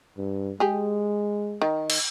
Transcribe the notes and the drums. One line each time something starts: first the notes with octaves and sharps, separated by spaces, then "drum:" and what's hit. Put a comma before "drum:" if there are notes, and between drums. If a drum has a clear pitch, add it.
G2
G#3 G4 G#4
D#3
drum: cymbal